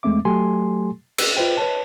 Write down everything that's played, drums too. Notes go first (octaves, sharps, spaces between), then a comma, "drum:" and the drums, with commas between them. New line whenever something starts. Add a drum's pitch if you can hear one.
E2 G#3 A3 C4 E5 D6
F#3 A3 G4 A4 G#5 C6
E6, drum: cymbal
F4 B4 C5 G5
B4 C#5 A5